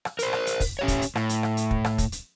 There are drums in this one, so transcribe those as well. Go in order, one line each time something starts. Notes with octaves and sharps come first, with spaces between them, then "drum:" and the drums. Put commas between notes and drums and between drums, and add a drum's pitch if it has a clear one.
drum: rim click
A#4 C5, drum: hi-hat
drum: rim click
drum: hi-hat
drum: kick, open hi-hat
C#4 G4 C#5
drum: kick, hi-hat
drum: hi-hat
A2, drum: rim click
drum: hi-hat
drum: rim click
drum: hi-hat
drum: kick
drum: rim click
drum: kick, hi-hat
drum: hi-hat